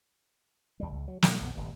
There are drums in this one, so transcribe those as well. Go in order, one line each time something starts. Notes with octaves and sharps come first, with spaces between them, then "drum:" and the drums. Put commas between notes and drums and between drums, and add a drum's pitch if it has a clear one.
D#2 G3
C#2
F#3
B2 A3, drum: snare
A#1 F2 B3
D#1 G#1 G2